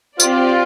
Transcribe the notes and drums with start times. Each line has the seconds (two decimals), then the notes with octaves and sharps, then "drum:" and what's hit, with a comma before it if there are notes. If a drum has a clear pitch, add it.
0.20 C4 F4 G4 D5, drum: tambourine